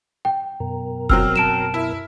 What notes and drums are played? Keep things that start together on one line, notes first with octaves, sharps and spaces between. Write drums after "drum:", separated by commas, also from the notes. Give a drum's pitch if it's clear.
G5
F#2 B2 A#4
F#3 C4 E6 F6, drum: kick F1
A5 D7 E7
E4